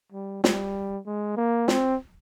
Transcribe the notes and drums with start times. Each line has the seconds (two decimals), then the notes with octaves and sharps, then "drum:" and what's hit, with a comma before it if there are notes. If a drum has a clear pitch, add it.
0.12 G3
0.44 G3, drum: snare
1.06 G#3
1.37 A#3
1.68 C4, drum: snare